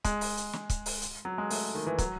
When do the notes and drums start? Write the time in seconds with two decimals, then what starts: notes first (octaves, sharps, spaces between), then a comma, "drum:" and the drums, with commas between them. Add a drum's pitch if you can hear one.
0.04 G#3, drum: kick, hi-hat
0.21 drum: open hi-hat
0.37 drum: hi-hat
0.53 drum: snare
0.70 drum: kick, hi-hat
0.86 drum: open hi-hat
1.02 drum: hi-hat
1.25 F#3
1.38 G#3
1.50 A3, drum: open hi-hat
1.75 D#3
1.86 E3
1.98 F#3, drum: kick, hi-hat